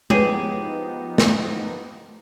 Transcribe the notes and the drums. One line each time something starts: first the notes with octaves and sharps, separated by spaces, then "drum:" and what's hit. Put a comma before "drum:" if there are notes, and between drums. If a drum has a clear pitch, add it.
F3 B3 D#4 G4 G#4 B4 C#5, drum: tom G#3
drum: snare